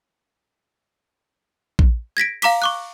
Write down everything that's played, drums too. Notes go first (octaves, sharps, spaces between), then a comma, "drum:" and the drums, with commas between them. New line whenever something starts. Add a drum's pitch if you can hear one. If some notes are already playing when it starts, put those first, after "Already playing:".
drum: kick A#1
G#6 A#6 B6 D7
F5 A#5 D6 B6, drum: cymbal
C#6 D6 F#6